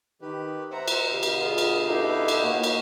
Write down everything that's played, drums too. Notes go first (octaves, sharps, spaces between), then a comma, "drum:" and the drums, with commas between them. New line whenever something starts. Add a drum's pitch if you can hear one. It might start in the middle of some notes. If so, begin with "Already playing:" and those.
D#3 G4 B4
C5 E5 F#5 A#5
drum: cymbal
B2 D3 G4 F5
drum: cymbal
F4 G#4
drum: cymbal
D#4 E4 G4 A4 B4 F5
drum: cymbal
A2 A#3 F#4
drum: cymbal